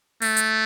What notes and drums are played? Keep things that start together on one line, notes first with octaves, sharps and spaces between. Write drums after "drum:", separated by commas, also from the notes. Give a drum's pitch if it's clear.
A3, drum: open hi-hat
drum: hi-hat